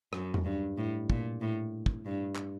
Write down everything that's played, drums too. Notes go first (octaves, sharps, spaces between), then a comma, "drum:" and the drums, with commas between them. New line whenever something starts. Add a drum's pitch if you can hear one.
F#2, drum: rim click
drum: tom E2
G2
A2
A#2, drum: kick
A2
drum: kick
G2
drum: clap